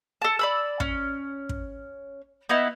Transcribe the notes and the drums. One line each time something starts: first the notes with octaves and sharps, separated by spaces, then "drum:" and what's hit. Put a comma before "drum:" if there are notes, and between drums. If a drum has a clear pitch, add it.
A4 A5
D5 B5 E6
C#4, drum: kick
drum: kick
B3 D#4 E4